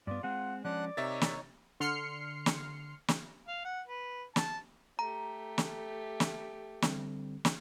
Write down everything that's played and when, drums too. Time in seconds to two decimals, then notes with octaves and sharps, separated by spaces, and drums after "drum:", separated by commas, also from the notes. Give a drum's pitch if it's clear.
0.07 G2 B3 F4 D5
0.23 G#3 C4 G#4 F#5
0.65 F3 G#3 C#4 D4 D5 F#5 F#6
0.97 C3 D#4 A#4 C#5 D#5 E5 A6
1.21 drum: snare
1.80 D3 C6 F6 C7 C#7
2.46 drum: snare
3.08 drum: snare
3.48 F5
3.65 F#5
3.88 B4
4.36 A5, drum: snare
4.99 A3 G4 A#5
5.58 drum: snare
6.20 drum: snare
6.82 D3 G3 C4, drum: snare
7.45 drum: snare